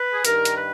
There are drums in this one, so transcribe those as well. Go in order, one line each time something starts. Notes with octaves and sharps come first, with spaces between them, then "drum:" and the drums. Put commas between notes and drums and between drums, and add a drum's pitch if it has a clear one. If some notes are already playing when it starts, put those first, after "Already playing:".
Already playing: B4
G#4
G2 D#3 A#4, drum: hi-hat
drum: hi-hat
B4